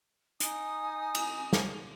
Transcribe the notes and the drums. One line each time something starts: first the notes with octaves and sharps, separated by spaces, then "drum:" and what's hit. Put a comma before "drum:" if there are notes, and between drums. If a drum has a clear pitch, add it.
D#4 G#5 D#6, drum: hi-hat
drum: cymbal
drum: snare